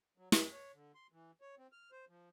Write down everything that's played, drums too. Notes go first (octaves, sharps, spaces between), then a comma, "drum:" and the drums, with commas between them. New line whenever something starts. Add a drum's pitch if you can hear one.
F#3
F#2, drum: snare
C#5
D3
C6
E3
C#5
C4
F6
C5
F3